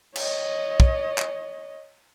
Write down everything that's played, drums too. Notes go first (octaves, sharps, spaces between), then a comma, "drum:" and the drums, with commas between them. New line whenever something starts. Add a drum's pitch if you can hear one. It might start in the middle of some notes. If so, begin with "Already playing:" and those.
C#5 D#5, drum: cymbal
drum: kick
drum: clap